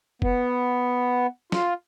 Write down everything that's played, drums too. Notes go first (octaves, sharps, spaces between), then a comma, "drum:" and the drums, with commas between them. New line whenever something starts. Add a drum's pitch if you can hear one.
B3, drum: kick
F4, drum: snare